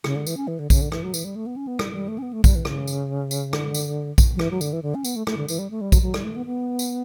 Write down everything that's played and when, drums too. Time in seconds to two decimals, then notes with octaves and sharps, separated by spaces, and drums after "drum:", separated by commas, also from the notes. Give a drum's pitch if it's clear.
0.04 C#3, drum: rim click
0.16 D3
0.27 E3, drum: tambourine
0.37 C#4
0.48 E3
0.59 D3
0.70 C#3, drum: kick A#1, tambourine
0.81 D3
0.92 E3, drum: rim click
1.03 F#3
1.14 E3, drum: tambourine
1.25 G3
1.36 A3
1.46 B3
1.56 C#4
1.67 B3
1.79 G3, drum: rim click
1.93 G3
2.08 A3
2.18 C#4
2.22 B3
2.33 A3
2.44 G3, drum: kick A#1, tambourine
2.55 E3
2.65 C#3, drum: rim click
2.87 drum: tambourine
3.31 drum: tambourine
3.53 D3, drum: rim click
3.74 drum: tambourine
4.18 drum: kick A#1, tambourine
4.35 F#3
4.39 E3, drum: rim click
4.51 F#3
4.61 D3, drum: tambourine
4.73 E3
4.83 D3
4.95 C#4
5.04 B3, drum: tambourine
5.16 A3
5.27 A3, drum: rim click
5.37 D3
5.48 E3, drum: tambourine
5.59 G3
5.71 A3
5.81 G3
5.92 F#3, drum: kick A#1, tambourine
6.02 F#3
6.14 G3, drum: rim click
6.24 A3
6.36 B3
6.46 B3
6.79 drum: tambourine